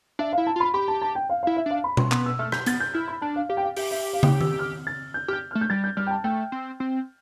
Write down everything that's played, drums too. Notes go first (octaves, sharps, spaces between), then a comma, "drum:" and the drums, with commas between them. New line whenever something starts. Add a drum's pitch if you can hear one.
D4 E5
F5
E4
A5
F4 B5
G4 B5
A5
A5
G5
F5
E4 F5
E5
D4 F5
B5
C6, drum: tom B2
B3 C6, drum: clap
E6
A3 F6
G6, drum: rim click
B3 A6, drum: hi-hat
G6
E4 F6
B5
D4 A5
F5
G4 F5
G5
F5
G4 E5, drum: open hi-hat
E5
F5
G5, drum: tom
E6, drum: tom D#3
F6
A6
G6
G4 F6
G6
A3 F6
G6
G3 A6
G6
G3 F6
G5
A5
A3 G5
C4
C4